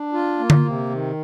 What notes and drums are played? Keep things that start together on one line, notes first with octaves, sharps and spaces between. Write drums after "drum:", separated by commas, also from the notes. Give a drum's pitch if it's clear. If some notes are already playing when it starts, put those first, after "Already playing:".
Already playing: D4
F4
A#3
drum: tom D3
C3
D#3